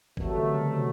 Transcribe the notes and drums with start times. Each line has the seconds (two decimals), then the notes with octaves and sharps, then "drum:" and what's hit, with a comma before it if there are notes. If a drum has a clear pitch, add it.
0.17 C2 B2 E3 F#3 A3, drum: kick
0.36 D3
0.54 C#3
0.73 C3